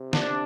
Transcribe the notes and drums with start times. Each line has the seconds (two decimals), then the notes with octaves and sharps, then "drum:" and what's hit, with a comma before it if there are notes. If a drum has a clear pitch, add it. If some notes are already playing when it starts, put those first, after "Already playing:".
Already playing: C3
0.13 D4, drum: snare